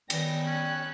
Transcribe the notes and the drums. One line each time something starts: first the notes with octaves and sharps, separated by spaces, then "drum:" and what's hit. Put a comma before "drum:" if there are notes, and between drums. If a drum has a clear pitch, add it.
D#3 G3 B3 G5 A#6, drum: cymbal
C#4 F#6